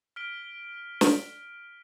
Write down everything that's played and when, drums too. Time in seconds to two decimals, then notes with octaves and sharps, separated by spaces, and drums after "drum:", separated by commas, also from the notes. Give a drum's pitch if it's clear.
0.16 F6 B6 D7 G7
1.01 drum: snare